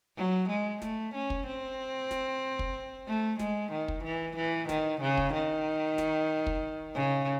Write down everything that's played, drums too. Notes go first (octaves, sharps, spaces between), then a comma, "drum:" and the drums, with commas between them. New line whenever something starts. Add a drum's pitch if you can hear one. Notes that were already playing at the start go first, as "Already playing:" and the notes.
F#3
G#3
A3, drum: snare
C#4
drum: kick
C4
drum: snare
drum: kick
A3
G#3, drum: snare
D#3
drum: kick
E3
E3
D#3, drum: snare
C#3
drum: kick
D#3
drum: snare
drum: kick
C#3